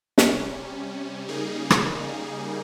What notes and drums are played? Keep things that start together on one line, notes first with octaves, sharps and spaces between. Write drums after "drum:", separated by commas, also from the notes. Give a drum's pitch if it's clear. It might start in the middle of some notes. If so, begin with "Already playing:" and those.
C3 G3 C#4, drum: snare
C#3 G3 A#3 D#4 G#4
drum: rim click